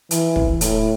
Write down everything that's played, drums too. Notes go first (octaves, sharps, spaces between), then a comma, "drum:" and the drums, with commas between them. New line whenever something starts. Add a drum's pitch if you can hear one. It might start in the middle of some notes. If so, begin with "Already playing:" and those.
E3, drum: hi-hat
drum: kick
A2, drum: hi-hat